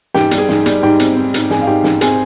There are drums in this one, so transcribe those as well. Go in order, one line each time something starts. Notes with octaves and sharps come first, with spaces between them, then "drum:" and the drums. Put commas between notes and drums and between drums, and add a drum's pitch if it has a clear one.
G#2 G4 G5, drum: snare
G3, drum: hi-hat
G#4 G#5
G#2, drum: snare
G3, drum: hi-hat
G#2 G4 G5
C4, drum: hi-hat
C4
G#2, drum: hi-hat
G#2 G#4 G#5, drum: snare
F5
G#2 G4 G5
G#2, drum: snare
C4 G#4 G#5, drum: hi-hat